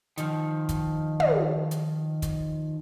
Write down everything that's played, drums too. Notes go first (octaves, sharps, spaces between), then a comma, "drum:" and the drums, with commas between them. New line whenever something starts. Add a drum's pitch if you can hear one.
D#3 F3, drum: hi-hat
drum: kick, hi-hat
drum: tom
drum: hi-hat
drum: kick, hi-hat